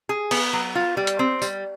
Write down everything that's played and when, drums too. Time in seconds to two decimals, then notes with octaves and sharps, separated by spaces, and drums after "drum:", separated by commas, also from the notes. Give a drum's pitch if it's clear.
0.09 G#4
0.31 B3, drum: cymbal
0.53 F#3
0.75 F4
0.97 G3
1.07 drum: hi-hat
1.19 C4
1.42 G3, drum: tambourine